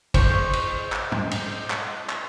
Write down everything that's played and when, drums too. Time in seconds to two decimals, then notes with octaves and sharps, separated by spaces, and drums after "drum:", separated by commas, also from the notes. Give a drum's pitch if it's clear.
0.14 C5 C#6, drum: kick, cymbal
0.53 drum: cymbal
0.92 drum: clap
1.12 drum: tom
1.31 drum: cymbal
1.70 drum: clap
2.09 drum: clap